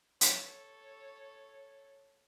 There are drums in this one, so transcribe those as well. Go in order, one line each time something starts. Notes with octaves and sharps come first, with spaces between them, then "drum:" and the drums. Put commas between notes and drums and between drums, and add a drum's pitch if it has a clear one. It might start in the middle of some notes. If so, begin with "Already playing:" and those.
A4 C#5, drum: hi-hat